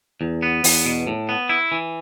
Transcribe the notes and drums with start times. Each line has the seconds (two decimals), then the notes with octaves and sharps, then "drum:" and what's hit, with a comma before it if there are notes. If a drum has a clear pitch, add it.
0.21 E2
0.42 B3
0.64 E2, drum: open hi-hat
0.86 B2
1.07 A2
1.29 B3
1.49 E4
1.72 E3